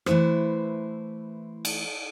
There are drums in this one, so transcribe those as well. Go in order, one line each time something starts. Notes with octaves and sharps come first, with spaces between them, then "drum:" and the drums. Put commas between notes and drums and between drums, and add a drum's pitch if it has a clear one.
E3 A3 E4 B4 C5, drum: rim click
drum: cymbal